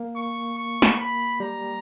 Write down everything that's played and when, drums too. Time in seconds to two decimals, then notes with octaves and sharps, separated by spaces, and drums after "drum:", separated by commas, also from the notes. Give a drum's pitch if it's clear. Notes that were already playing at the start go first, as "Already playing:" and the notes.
Already playing: A#3
0.16 C#6
0.58 C#6
0.82 drum: snare
0.99 B5
1.40 G3 A#5